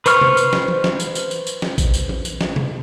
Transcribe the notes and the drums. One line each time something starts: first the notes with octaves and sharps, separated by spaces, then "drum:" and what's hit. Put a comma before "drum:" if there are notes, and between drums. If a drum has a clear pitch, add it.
B4 C5 C#6 F6, drum: tambourine
drum: tom C3
drum: tambourine
drum: snare
drum: tom E3
drum: snare
drum: tambourine
drum: tambourine
drum: tambourine
drum: tambourine
drum: snare
drum: kick A1, tambourine
drum: tambourine
drum: tom E3
drum: tambourine
drum: snare
drum: tom C3